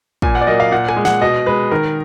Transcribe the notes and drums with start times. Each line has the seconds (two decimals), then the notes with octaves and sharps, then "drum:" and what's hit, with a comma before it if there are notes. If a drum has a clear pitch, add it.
0.22 A#2 G#5, drum: kick
0.35 F#5
0.41 D5
0.47 F#3 A#3 D#5
0.60 F5
0.72 A#2 F#5
0.89 G#5, drum: rim click
0.96 G#3
1.05 F#5, drum: snare
1.21 B2 D#5
1.46 G#3 B4
1.71 D#3 A#4